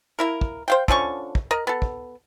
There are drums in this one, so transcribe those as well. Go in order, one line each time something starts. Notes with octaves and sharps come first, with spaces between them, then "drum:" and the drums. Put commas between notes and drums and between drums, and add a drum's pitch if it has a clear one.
A#3 E4 A#4
drum: kick
C5 F5 G5
D3 F3 C#4 C#6, drum: kick
drum: kick
A#4 D#5
B3 A4
drum: kick